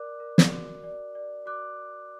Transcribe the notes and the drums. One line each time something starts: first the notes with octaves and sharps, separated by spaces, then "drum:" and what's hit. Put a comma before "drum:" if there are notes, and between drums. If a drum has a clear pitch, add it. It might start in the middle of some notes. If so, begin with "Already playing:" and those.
Already playing: A#4 D5 D6 F#6
A#4
drum: snare
F#4
D5
D5
F#4 D6 F#6